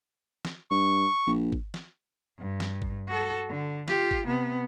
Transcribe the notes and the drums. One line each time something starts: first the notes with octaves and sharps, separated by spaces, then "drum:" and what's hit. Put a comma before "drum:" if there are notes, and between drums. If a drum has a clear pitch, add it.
drum: snare
G2 C#6
A#1
drum: kick
drum: snare
G2
drum: snare
drum: kick
F#4 A4
D3
F4 G4, drum: snare
drum: kick
C3 B3